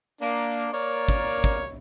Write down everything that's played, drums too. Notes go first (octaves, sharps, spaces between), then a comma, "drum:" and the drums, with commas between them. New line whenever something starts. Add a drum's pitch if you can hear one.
A#3 D4
A#3 A#4 C#5 D5
drum: kick
drum: kick